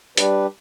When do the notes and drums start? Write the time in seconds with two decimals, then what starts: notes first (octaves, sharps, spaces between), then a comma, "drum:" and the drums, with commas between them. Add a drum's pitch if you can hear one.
0.17 G3 D4 G4 B4, drum: hi-hat